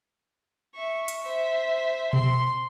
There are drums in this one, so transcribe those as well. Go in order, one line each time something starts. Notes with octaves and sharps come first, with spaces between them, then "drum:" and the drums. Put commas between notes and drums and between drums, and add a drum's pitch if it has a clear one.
E5 C#6
drum: hi-hat
C5 E5
C6, drum: tom B2